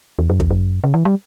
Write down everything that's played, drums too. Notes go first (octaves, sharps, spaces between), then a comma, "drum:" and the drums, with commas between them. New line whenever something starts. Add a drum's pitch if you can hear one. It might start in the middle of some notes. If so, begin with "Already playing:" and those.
E2
F#2
E2, drum: kick
F#2
C#3
E3
G3